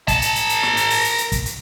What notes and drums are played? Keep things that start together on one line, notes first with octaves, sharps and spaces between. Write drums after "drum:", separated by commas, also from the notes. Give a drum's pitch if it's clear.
A#4 A5, drum: kick, hi-hat
drum: hi-hat
drum: hi-hat
drum: hi-hat
drum: snare
drum: hi-hat
drum: open hi-hat
drum: hi-hat
drum: hi-hat
drum: kick, hi-hat
drum: hi-hat